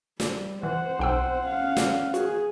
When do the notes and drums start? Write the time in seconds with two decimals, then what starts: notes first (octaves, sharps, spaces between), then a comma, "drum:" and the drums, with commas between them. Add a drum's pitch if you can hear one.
0.20 G3, drum: snare
0.63 E3 C4 C5 F#5
0.99 B1 G5 E6
1.44 C#4 F5
1.77 drum: snare
2.14 F#4 G#4, drum: hi-hat